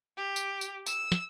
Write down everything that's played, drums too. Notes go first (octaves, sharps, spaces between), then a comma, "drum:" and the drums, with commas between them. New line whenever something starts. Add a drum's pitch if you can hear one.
G4
drum: tambourine
drum: tambourine
E6, drum: tambourine
drum: snare